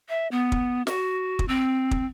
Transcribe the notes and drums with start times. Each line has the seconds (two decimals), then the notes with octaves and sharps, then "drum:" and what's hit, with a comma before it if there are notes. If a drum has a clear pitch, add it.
0.09 E5
0.31 B3
0.52 drum: kick
0.87 F#4, drum: snare
1.39 drum: kick
1.48 C4
1.91 drum: kick